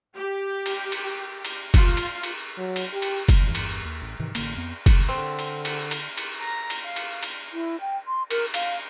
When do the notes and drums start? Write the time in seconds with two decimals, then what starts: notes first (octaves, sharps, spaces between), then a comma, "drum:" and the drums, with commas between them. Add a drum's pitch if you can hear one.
0.15 G4
0.66 drum: cymbal
0.92 drum: cymbal
1.45 drum: cymbal
1.74 F4, drum: kick F#1, cymbal
1.97 drum: cymbal
2.23 drum: cymbal
2.58 F#3
2.76 drum: cymbal
2.93 G4
3.02 drum: cymbal
3.28 drum: kick F#1, cymbal
3.45 G1 E2 G2 E3
3.55 drum: cymbal
3.85 D#2
4.02 A1
4.19 G#2 C3 D#3 E3
4.35 A1 D3 A#3, drum: cymbal
4.56 F2 B3
4.86 drum: kick F#1, cymbal
5.09 D3 C4
5.39 drum: cymbal
5.65 drum: cymbal
5.91 drum: cymbal
6.17 drum: cymbal
6.40 A#5
6.70 drum: cymbal
6.85 F5
6.96 drum: cymbal
7.23 drum: cymbal
7.53 E4
7.81 G5
8.07 C6
8.30 A#4, drum: cymbal
8.54 F5, drum: cymbal